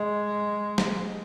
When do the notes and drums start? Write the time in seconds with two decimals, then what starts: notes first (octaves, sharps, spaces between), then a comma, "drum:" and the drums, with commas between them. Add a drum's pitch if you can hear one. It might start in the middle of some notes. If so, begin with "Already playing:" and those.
Already playing: G#3
0.78 drum: snare